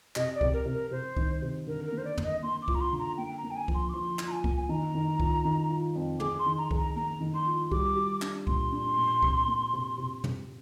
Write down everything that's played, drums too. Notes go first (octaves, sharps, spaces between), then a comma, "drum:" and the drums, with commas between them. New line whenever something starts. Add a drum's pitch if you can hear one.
C3 D#5, drum: clap
D5
C3, drum: kick C2
A#4
C3
A#4
C3 C5
D#3, drum: kick C2
C3
D3 A#4
A#4
A#3
C5
D5
A#3, drum: tom
D#5
A#3 C6
D6
F4, drum: kick C2
A#5
C6
D3
A#5
A#3 G5
A#5
A#3
G5
G#5
F3, drum: kick C2
C6
D6
F3 C6
F4, drum: clap
A#5
G#5
A#3, drum: kick C2
G#5
D#3 A#5
D#3
F4, drum: kick C2
D#3
F4
F2
G#4 D6, drum: tom
C6
D#3
A#5
G#4, drum: kick C2
A#5
A#3 A#5
D#3
C6
F4
G3 D6, drum: kick C2
G3
D4, drum: clap
A#2 C6, drum: kick C2
D4
A#2
C3, drum: kick C2
A#3
C3
C3
C3, drum: tom